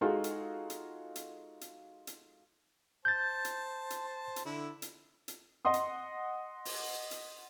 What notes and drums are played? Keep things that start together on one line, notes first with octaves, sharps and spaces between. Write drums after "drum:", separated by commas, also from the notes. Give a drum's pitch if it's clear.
G#3 D#4 F4 F#4 G#4 A4
drum: hi-hat
drum: hi-hat
drum: hi-hat
drum: hi-hat
drum: hi-hat
C5 A5 G6 A6
drum: hi-hat
drum: hi-hat
drum: hi-hat
D3 E4
drum: hi-hat
drum: hi-hat
D#5 F#5 C6 D#6
drum: hi-hat
drum: open hi-hat
drum: hi-hat